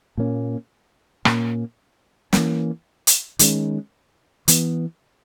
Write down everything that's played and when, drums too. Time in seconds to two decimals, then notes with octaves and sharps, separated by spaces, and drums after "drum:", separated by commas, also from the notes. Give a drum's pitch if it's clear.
0.18 A#2 A#3 C#4
1.25 A#2 A#3 C#4, drum: rim click
2.33 E3 A#3 C#4, drum: snare
3.07 drum: hi-hat
3.39 D#3 G#3 C#4, drum: hi-hat
4.48 E3 B3, drum: hi-hat